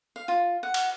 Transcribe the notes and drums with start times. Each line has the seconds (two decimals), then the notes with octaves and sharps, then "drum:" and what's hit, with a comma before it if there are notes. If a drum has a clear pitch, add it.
0.16 F5
0.28 F4
0.63 F#5
0.74 drum: cymbal